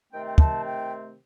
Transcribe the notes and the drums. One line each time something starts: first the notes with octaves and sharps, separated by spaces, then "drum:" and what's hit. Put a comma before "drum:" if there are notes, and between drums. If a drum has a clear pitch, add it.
C3 D#3 A3 C4 G5
G5
A5, drum: kick
G5